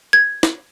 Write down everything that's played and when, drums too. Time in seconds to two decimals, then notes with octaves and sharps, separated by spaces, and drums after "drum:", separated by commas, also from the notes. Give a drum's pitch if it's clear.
0.13 G#6
0.43 drum: snare